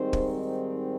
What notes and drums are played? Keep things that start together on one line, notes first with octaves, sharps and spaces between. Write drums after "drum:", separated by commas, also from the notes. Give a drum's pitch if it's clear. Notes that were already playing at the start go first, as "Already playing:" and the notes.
Already playing: G#2 D#3 G3 C4 C5
drum: kick
D#4